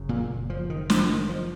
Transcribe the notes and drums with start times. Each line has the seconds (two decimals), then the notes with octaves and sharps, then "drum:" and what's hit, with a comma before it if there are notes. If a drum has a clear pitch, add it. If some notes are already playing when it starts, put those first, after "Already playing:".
Already playing: F#1 F#2 C#3
0.09 A#2 A#3
0.50 F3
0.70 D#3
0.90 F3, drum: snare
1.09 D#3
1.29 F3